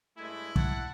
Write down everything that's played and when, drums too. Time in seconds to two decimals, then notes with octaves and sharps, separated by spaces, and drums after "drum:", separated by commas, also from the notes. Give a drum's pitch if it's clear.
0.18 G2 G#3 A3 E4 G#5
0.56 F#5 A5, drum: kick